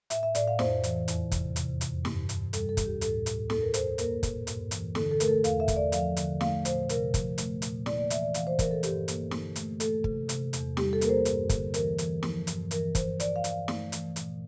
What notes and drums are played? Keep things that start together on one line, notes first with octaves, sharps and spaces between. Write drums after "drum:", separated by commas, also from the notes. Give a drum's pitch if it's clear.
A2 E5, drum: hi-hat
E5
A2 D5, drum: hi-hat
F5
F2 C5, drum: snare
E3, drum: hi-hat
E2, drum: hi-hat
C3, drum: kick, hi-hat
C3, drum: hi-hat
F2, drum: hi-hat
G2, drum: snare
G2, drum: hi-hat
G3 A4, drum: hi-hat
A4
D2, drum: kick, hi-hat
G4
A2 A4, drum: hi-hat
A2, drum: hi-hat
E2 A4, drum: snare
A#4
E2 C5, drum: hi-hat
A#3 A#4, drum: hi-hat
A#2, drum: kick, hi-hat
G2, drum: hi-hat
E3, drum: hi-hat
D3 A4, drum: snare
A4
A3 A#4, drum: hi-hat
A4
E2 F5, drum: hi-hat
E5
E2, drum: kick, hi-hat
D5
F3 F5, drum: hi-hat
D3, drum: hi-hat
A3 F5, drum: snare
A#2 C5, drum: hi-hat
C3 A#4, drum: hi-hat
F3, drum: kick, hi-hat
A3, drum: hi-hat
A#2, drum: hi-hat
A#3 D5, drum: snare
D5
E3 E5, drum: hi-hat
D5
E3 F5, drum: hi-hat
C5
E3 A#4, drum: kick, hi-hat
A4
G2 G4, drum: hi-hat
A#3, drum: hi-hat
D3, drum: snare
A3, drum: hi-hat
A3 A4, drum: hi-hat
C3, drum: kick
C3, drum: hi-hat
E2, drum: hi-hat
G3 G4, drum: snare
A4
A#3 A#4, drum: hi-hat
C5
G2, drum: hi-hat
D3, drum: kick, hi-hat
E3 A#4, drum: hi-hat
E3, drum: hi-hat
F3, drum: snare
G2, drum: hi-hat
E3 A#4, drum: hi-hat
G2 C5, drum: kick, hi-hat
G2 D5, drum: hi-hat
F5
G2, drum: hi-hat
F5
A3, drum: snare
E3, drum: hi-hat
A#2, drum: hi-hat